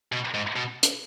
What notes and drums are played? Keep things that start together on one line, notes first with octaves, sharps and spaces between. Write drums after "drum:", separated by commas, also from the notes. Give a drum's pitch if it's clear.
B2
G#2
B2
drum: hi-hat